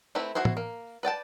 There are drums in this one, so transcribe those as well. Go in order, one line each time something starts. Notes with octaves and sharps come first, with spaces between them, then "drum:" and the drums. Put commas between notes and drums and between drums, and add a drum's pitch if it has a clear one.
A3 C4 E4 B4
E4 F#4 G#4 C5
drum: tom
A#3
B4 D5 G5 A5